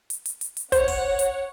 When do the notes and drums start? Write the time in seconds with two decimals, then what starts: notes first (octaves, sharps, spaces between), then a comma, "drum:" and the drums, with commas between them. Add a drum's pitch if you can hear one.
0.10 drum: hi-hat
0.26 drum: hi-hat
0.41 drum: hi-hat
0.57 drum: hi-hat
0.72 C5 C#5 F#5, drum: kick, hi-hat
0.88 drum: kick, open hi-hat
1.19 drum: hi-hat